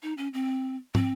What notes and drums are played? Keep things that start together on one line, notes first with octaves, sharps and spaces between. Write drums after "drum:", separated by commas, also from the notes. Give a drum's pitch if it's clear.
D#4
C#4
C4
C4, drum: tom